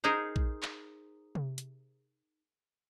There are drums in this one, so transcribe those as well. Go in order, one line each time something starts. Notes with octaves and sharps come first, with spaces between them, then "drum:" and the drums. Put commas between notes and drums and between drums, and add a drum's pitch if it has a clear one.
D#4 G#4 A#4 C5
drum: kick A#1
drum: clap
drum: tom C3
drum: hi-hat